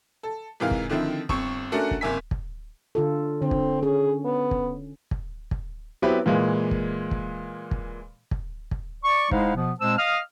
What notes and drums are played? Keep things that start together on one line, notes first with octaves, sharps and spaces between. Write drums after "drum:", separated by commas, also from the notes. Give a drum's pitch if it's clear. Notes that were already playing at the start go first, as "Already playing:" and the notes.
A4
G#2 C3 E3 A#4 F5
drum: kick
D3 D#3 F3 C4 E4
G1 C4 C#6, drum: kick
A3 C#4 D4 F#4 A#4 F#5
drum: kick
F#1 C3 A#3 E5 G#5 B6
drum: kick
D3 F4 A4
D3 C4
drum: kick
C#4 G#4
B3
drum: kick
drum: kick
drum: kick
F#3 B3 C4 E4 G4 B4
A#2 E3 G#3 A#3
drum: kick
drum: kick
drum: kick
drum: kick
drum: kick
D5 C#6
G#3 D#4 E4 C5 F5 F#5, drum: kick
B2 F3 B3
A#2 G#3 C4 C5 A5 E6
D#5 F5 D#6 F6